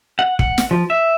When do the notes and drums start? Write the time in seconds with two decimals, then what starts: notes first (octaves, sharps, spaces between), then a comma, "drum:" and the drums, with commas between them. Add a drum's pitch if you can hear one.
0.19 F#5
0.39 F#5, drum: kick
0.58 drum: snare
0.71 F3
0.90 E5